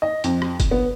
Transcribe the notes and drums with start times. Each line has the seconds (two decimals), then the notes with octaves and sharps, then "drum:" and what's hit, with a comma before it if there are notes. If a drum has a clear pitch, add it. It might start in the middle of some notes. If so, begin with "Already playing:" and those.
0.02 D#5
0.24 F2, drum: hi-hat
0.42 drum: rim click
0.60 drum: kick F#1, hi-hat
0.71 B3